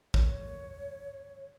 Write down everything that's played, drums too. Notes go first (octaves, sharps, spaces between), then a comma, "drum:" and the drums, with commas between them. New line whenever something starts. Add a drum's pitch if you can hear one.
C#5, drum: kick